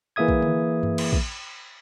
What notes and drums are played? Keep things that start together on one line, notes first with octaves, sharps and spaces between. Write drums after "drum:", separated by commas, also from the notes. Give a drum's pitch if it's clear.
E3 A#3 G#4 E5 D#6 G#6
drum: kick
drum: tom D3
drum: tom F#2
drum: cymbal
drum: kick